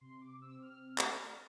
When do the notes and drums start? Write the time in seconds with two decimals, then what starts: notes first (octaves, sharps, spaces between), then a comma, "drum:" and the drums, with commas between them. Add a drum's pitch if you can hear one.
0.01 C3 C6
0.21 D6
0.42 C4 E6
0.62 F6
0.98 drum: clap